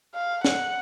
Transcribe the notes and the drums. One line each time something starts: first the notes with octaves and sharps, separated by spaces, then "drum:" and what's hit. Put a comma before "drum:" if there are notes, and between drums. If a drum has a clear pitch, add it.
F5
F#5, drum: snare